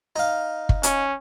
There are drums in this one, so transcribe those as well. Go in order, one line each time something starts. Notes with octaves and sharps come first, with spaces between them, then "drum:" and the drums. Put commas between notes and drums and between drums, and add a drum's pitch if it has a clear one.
D#4 F5
drum: kick
C#4, drum: hi-hat